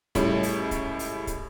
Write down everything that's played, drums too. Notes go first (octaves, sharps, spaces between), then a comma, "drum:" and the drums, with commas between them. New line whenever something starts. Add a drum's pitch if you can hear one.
C#2 A2 G3 C#5, drum: kick, hi-hat
drum: open hi-hat
drum: kick, hi-hat
drum: open hi-hat
drum: kick, hi-hat